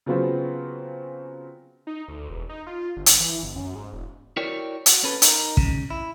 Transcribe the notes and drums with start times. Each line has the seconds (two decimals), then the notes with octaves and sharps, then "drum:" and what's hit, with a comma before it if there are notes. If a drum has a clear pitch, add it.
0.06 C#3 F#3 B3 C4 F4 G#4
1.87 D#4
2.08 D2
2.29 E1
2.49 D#4
2.67 F4
2.96 G1
3.06 drum: hi-hat
3.20 E3
3.43 G1
3.56 F#2
3.75 G#2
3.93 E1
4.37 E4 F#4 A#4 C#5 D5 G5
4.86 F#4, drum: hi-hat
5.04 C#4 A4 B4
5.22 D#4 A#4, drum: hi-hat
5.57 C#2 C#3, drum: kick
5.90 E4